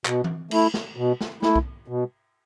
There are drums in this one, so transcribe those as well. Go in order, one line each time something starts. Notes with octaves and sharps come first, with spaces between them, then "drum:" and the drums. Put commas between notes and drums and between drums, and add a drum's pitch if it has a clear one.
B2, drum: clap
drum: tom E3
A3 E4, drum: cymbal
drum: snare
B2
drum: snare
A3 E4, drum: snare
drum: kick B1
B2